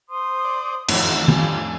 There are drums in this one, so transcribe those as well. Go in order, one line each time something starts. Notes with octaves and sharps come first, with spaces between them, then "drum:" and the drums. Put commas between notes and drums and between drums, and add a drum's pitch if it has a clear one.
C5 C6 D#6
D5
A1 F2 D#3 E3 F4 F#4, drum: cymbal
G3 D4 F4 G#5, drum: tom D#3